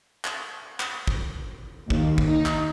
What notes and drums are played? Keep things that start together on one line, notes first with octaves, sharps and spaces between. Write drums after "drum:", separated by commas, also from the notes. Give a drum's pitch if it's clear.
drum: clap
drum: clap
drum: kick
D#2, drum: kick
drum: kick
D#4
drum: clap